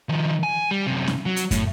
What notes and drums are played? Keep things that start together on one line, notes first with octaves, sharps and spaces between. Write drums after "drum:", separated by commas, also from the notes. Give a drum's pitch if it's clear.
D#3 F3
G#5
G3
F#2 C3
drum: snare C#4
F#3
drum: hi-hat
A2, drum: kick, hi-hat